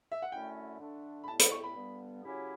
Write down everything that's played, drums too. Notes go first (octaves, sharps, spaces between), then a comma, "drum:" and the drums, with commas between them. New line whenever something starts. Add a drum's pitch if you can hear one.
E5
F#5
F#2 D3 A3 C#4 E4 G5
D3 A3 D4
B5
A2 G3 B3 E4 A5
B5, drum: hi-hat
C#6
B5
G2 D3 G3 B3
C#3 F#3 C#4 E4 G4